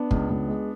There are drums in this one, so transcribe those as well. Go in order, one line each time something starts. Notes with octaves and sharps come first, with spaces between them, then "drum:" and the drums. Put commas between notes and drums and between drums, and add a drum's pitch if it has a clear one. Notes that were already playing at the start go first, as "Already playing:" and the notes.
Already playing: B3 D4
C#2, drum: kick
C#2
G#3